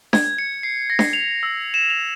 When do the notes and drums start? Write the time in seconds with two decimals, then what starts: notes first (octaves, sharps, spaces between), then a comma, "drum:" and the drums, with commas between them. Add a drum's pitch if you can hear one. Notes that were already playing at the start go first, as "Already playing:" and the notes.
0.13 G#6, drum: snare D4
0.39 C#7
0.63 C7
0.90 A#6
0.99 drum: snare D4
1.13 F7
1.43 E6
1.74 E7
1.90 F7